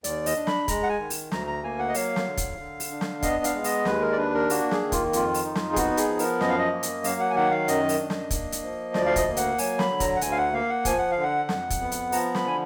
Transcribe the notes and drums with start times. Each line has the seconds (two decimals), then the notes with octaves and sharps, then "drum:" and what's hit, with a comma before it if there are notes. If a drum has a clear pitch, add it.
0.04 D#2 D5, drum: hi-hat
0.26 D#5, drum: open hi-hat
0.36 D4
0.47 B5, drum: snare
0.68 G#3 A#5, drum: kick, hi-hat
0.83 F#5
0.89 G#5
0.99 D#3
1.10 drum: open hi-hat
1.32 D2 A#5, drum: snare
1.47 A#5
1.63 A#3 G#5
1.79 F#5
1.89 D#5
1.94 F#3 F5, drum: open hi-hat
2.16 drum: snare
2.26 D3
2.37 drum: kick, hi-hat
2.59 D3
2.80 drum: open hi-hat
2.91 D4
3.01 drum: snare
3.23 B3 D#5, drum: kick, hi-hat
3.44 F5, drum: hi-hat
3.55 G#3
3.64 D#5, drum: open hi-hat
3.85 D#2 B4, drum: snare
4.01 A#4
4.12 D5
4.17 D4 B4
4.34 A#4
4.50 A#3 F#4, drum: open hi-hat
4.71 G#4, drum: snare
4.82 D#3
4.92 F4, drum: kick, hi-hat
5.13 F2 F4, drum: hi-hat
5.34 drum: open hi-hat
5.44 D#4
5.55 drum: snare
5.73 G#4
5.76 B3 F#4, drum: kick, hi-hat
5.97 G#4, drum: hi-hat
6.08 F3
6.19 A#4, drum: open hi-hat
6.41 F#2 D#5, drum: snare
6.49 F5
6.58 D#5
6.72 A#3
6.83 drum: hi-hat
7.04 F#3 F5, drum: open hi-hat
7.20 F#5
7.30 G#5
7.36 D#3 F#5
7.51 F5
7.68 F#2 D#5, drum: hi-hat
7.89 drum: open hi-hat
8.00 D4
8.10 drum: snare
8.31 A#3, drum: kick, hi-hat
8.52 drum: hi-hat
8.62 F3
8.94 D2 D5, drum: snare
9.06 F5
9.16 D#5, drum: kick, hi-hat
9.27 A#3
9.37 F#5, drum: hi-hat
9.58 F#3 G#5, drum: open hi-hat
9.79 B5, drum: snare
9.90 D3
10.00 A#5, drum: kick, hi-hat
10.16 F#5
10.21 D2 G#5, drum: hi-hat
10.31 F5
10.38 F#5
10.53 A#3 F5
10.70 F#5
10.85 F3 G#5, drum: kick, hi-hat
10.99 F#5
11.11 F5
11.17 D3
11.23 F#5
11.49 F2, drum: snare
11.70 drum: kick, hi-hat
11.81 B3
11.92 drum: hi-hat
12.12 F3 A#5, drum: open hi-hat
12.35 B5, drum: snare
12.44 D3 G#5